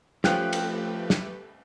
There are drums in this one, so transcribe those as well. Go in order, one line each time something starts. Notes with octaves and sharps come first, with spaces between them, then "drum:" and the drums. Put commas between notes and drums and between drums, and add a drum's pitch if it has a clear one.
F3 A3 C#4 G4 B4 F5 G5 F#6, drum: snare
drum: cymbal
drum: snare